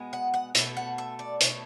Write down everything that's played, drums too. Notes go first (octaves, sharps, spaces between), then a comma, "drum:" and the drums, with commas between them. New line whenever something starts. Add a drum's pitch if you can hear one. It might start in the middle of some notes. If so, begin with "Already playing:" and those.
Already playing: B2 G#3 B3
F#5
F#5
B2 A3 E5, drum: hi-hat
F#5
E5
D5
B2 A3 C#5, drum: hi-hat